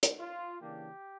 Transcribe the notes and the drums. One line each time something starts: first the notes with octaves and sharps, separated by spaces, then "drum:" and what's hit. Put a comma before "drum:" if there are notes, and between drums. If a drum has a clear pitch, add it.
drum: hi-hat
F4
C#3 E3 A#3 D4 G4